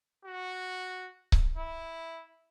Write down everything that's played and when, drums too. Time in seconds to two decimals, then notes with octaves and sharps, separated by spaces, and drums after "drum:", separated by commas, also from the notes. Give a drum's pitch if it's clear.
0.25 F#4
1.32 drum: kick C#1
1.56 E4